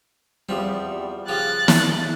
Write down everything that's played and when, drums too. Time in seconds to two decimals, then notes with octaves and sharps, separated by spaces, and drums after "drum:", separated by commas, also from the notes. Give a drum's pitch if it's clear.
0.49 E2 F3 G3 C4
1.28 C#3 F3 G4 F#6 A6
1.68 drum: snare